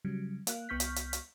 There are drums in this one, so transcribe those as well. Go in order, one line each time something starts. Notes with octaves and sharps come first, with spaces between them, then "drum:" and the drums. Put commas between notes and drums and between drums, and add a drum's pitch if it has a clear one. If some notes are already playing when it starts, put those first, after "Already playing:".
C#3 F#3 G3
A#3 F5 F#6, drum: hi-hat
C2 B3 C#6 F6 G6 B6
drum: hi-hat
drum: hi-hat
drum: hi-hat